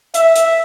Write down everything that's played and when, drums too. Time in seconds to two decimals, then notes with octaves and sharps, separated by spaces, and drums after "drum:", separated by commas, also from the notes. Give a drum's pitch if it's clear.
0.14 E5, drum: hi-hat
0.36 drum: hi-hat